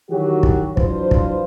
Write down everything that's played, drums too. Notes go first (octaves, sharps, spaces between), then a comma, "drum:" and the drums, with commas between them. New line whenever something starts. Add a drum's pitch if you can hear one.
D#3 E3 F#3 F#4 G4
drum: kick
E3 F#3 D4 F4 B4 C5, drum: kick
drum: kick